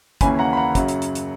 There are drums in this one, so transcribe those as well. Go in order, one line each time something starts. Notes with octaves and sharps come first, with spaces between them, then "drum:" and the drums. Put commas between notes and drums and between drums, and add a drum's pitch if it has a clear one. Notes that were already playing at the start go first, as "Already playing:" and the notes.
D#2 C#3 E3 A#3 C#4 G#5 B5, drum: kick, hi-hat
F#5 A#5
B5
F#5 A#5
F#2 C#3 F#3, drum: kick, hi-hat
drum: hi-hat
drum: hi-hat
drum: hi-hat